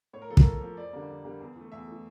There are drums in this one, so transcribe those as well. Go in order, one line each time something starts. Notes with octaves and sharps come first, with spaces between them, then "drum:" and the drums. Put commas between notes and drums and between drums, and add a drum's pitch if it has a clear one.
A2 C#5
A#4
F3 A#3 A4
A#4, drum: kick
A2
F3 A#3
F2 D5
D3 G3 A#3
F2
D3 G3 A#3
E2
E3 A3
E2 E5
E3 A3